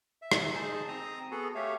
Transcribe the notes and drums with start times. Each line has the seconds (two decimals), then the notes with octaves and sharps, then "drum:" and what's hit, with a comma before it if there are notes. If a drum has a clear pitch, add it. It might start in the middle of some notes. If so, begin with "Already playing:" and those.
0.22 E5
0.32 drum: rim click
0.54 D#4 G#4 C5 A5
0.88 C4 A#5 D#6
1.31 B3 F#4 G#4 A4
1.55 A3 G4 C#5 E5 F5